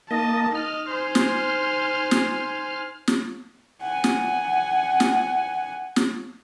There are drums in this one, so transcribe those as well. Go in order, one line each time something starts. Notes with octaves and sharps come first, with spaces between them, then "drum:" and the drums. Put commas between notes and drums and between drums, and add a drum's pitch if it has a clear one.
A#3 D#4 D#5 A5
D#4 D#5 F6
C5 G#5
drum: snare
drum: snare
drum: snare
F#5 G#5
drum: snare
drum: snare
drum: snare